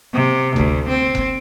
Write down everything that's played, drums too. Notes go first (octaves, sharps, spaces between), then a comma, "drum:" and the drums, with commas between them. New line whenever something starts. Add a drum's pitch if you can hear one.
C3
D2, drum: kick F1
C4
drum: kick F1